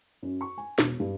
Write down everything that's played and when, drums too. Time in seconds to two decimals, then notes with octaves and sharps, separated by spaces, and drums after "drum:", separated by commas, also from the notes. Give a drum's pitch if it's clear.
0.22 F#2
0.41 C#6
0.58 G#5
0.78 E1, drum: snare
1.00 G2